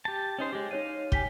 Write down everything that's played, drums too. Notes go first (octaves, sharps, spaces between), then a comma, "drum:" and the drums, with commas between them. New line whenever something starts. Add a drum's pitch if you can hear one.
G4 A5
C#4 D#4 C5
G#3 G4
D#4 C#5 F5 D#7
G4 G#5 B6 G7, drum: kick